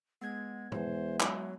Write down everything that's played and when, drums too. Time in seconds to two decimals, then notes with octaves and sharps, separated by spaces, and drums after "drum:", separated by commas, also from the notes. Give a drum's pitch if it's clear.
0.21 G#3 B3 G#6
0.72 E2 G#3 C5 E5, drum: tom
1.20 F#3, drum: clap